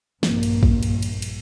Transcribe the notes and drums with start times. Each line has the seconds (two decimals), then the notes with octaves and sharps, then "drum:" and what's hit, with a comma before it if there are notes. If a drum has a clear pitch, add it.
0.23 A#1 G2 A#3, drum: snare
0.43 drum: cymbal
0.63 drum: kick
0.83 drum: cymbal
1.02 drum: cymbal
1.22 drum: cymbal